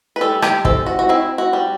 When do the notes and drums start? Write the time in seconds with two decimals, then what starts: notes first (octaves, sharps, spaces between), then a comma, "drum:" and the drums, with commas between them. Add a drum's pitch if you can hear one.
0.16 B4
0.21 G3 A4
0.42 G4, drum: rim click
0.65 C4 A4, drum: kick
0.86 F#4
0.99 F#4
1.09 C4 E4
1.38 F#4
1.53 G3